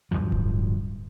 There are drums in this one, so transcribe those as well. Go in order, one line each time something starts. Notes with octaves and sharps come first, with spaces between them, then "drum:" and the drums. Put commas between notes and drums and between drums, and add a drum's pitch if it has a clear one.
D1 G1 G2 F3
drum: kick D1